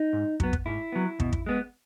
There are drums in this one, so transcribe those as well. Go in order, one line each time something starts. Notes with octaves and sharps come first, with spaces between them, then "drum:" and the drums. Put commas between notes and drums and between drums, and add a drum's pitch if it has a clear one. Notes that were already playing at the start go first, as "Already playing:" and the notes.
Already playing: D#4
G#2
F#3 B3, drum: kick
drum: kick
G#2 E4
F#3 B3
B2, drum: kick
drum: kick
G#3 B3